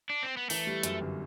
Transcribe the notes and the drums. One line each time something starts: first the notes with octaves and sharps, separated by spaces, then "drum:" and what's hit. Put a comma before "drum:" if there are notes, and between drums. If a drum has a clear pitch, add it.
D4
C4
B3
E3 A3, drum: open hi-hat
G3
F#2, drum: hi-hat
G1